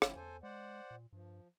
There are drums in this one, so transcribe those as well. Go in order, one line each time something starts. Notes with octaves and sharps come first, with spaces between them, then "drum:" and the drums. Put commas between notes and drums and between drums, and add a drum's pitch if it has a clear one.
G1 F3 E4 G4, drum: rim click
E2 A4 C5 G#5
G#3 C5 D5 F#5
A#2
G2 F3